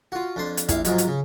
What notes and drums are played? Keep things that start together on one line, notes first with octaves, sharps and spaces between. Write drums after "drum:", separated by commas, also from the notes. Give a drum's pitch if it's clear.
F4 F#4
F2 D4 C6
drum: hi-hat
A#1 E4 F5, drum: kick, hi-hat
G#2 F3 F#3 G#3, drum: hi-hat
drum: hi-hat
C#3